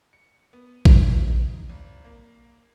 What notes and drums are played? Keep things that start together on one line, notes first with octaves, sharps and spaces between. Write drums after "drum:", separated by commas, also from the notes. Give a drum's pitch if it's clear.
C#7
B3
D7, drum: kick A#1
D#4
G#1
A#3